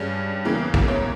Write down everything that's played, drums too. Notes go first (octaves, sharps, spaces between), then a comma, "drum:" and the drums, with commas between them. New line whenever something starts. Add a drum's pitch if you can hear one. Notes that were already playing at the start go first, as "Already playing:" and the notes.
Already playing: G2 G3 C#4 G#4
E2 C#3 E3 A#3 G#4
A#4, drum: kick
C#5